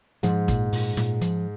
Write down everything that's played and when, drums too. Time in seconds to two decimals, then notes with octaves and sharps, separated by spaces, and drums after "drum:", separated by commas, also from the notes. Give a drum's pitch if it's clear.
0.23 G#2 F3, drum: hi-hat
0.48 A#2, drum: kick, hi-hat
0.73 A#2, drum: open hi-hat
0.97 A#2, drum: snare
1.21 F3, drum: hi-hat